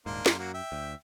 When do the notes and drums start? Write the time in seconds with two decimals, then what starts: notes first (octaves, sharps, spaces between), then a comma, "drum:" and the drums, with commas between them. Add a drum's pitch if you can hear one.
0.06 D#1 G#2 A#3 D4 C6
0.26 F#2, drum: snare
0.39 F#3 A#3 F#4
0.54 E5 G5
0.72 D2